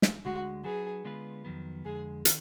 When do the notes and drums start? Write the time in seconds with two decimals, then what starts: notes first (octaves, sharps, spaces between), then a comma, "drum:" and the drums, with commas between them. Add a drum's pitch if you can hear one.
0.02 drum: snare
0.25 D2 D3 G#3 F#4
0.64 F#3 D4 F#4 G#4 B4
1.05 D3 G#3 B3 F4 B4
1.45 F2 D#3 F#3 B3
1.85 F2 D3 G#3 G#4
2.25 D#3, drum: hi-hat